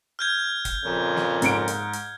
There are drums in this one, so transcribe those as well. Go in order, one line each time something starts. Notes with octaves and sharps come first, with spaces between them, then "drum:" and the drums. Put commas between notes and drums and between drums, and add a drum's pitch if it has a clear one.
F6 G6 G#6
drum: kick, hi-hat
F2 A#2 C#3
drum: snare
G#2 C#7 D7, drum: hi-hat
drum: hi-hat
drum: hi-hat